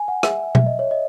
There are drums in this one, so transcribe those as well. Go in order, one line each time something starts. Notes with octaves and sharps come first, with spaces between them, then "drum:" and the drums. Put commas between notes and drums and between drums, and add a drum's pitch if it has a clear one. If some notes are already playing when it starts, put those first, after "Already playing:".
Already playing: G#5
F#5
E5, drum: rim click
E5, drum: tom B2
D#5
C#5
D#5